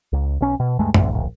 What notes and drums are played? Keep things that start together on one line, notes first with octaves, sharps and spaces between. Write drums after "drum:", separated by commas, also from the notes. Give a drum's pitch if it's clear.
C#2
B1 C#4
B2
D2 G2 G#3 A3
A1 D2, drum: tom F#2
D1 A#1